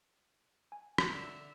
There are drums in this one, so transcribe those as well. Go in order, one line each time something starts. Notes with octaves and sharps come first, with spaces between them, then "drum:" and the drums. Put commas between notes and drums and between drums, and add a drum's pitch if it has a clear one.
G#5
drum: rim click
D3 E5